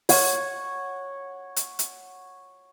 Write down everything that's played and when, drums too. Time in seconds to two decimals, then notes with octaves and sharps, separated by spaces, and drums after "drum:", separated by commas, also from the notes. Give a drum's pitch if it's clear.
0.09 C#5 F#5, drum: open hi-hat
1.56 drum: hi-hat
1.79 drum: hi-hat